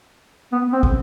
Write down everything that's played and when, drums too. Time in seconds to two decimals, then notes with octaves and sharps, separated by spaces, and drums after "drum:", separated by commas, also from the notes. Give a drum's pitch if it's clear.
0.52 B3
0.73 C4
0.83 drum: kick